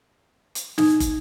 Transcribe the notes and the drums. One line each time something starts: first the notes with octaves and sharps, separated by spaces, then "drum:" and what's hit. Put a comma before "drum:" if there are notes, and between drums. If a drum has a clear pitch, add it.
drum: hi-hat
D#4, drum: snare
drum: kick, hi-hat